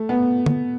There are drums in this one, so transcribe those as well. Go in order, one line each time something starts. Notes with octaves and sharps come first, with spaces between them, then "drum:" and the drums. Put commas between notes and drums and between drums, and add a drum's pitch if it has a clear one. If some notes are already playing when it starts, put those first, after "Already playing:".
Already playing: A3
B3
drum: tom